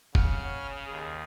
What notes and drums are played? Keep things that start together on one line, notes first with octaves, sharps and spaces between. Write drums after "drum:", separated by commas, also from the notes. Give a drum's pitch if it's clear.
C#3 F#5 F6, drum: kick F1
C#5
D#2 G#4